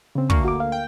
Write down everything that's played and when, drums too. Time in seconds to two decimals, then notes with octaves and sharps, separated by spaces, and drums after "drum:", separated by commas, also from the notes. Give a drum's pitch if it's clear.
0.15 C#3 C4
0.30 D2 A#3 C#6, drum: kick
0.45 F#4 D6
0.60 F5
0.72 G5